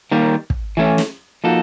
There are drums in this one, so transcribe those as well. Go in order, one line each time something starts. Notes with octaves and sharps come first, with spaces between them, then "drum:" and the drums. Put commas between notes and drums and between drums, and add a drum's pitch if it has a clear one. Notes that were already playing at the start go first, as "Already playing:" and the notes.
D#3 G3 A#3
drum: kick
E3 A3 C#4
drum: snare
F3 A#3 D#4 F#4 A4